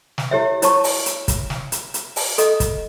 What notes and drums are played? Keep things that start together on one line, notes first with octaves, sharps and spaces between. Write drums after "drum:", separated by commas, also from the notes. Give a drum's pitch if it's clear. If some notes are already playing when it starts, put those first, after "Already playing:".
drum: snare
E4 G4 C#5 E5
E4 C#5 A5 C#6, drum: hi-hat
drum: open hi-hat
drum: hi-hat
drum: kick, hi-hat
drum: snare
drum: hi-hat
drum: hi-hat
drum: open hi-hat
A4 D#5, drum: hi-hat
drum: kick, hi-hat